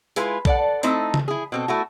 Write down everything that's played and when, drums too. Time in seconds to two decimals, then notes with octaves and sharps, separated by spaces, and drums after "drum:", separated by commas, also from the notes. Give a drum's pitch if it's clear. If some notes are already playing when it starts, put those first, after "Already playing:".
0.16 G#3 E4 F4 G#4 B4, drum: hi-hat
0.45 A4 D5 F#5, drum: kick B1
0.83 A3 C4 D#4 E4 A4, drum: hi-hat
1.14 drum: tom C#3
1.28 E4 G#4
1.52 B2 C4 A4
1.68 A3 E4 F#4